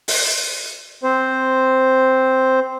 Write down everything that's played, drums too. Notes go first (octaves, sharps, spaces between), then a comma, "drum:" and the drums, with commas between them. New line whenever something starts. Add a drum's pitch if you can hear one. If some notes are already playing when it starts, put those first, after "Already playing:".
drum: open hi-hat
C4 C5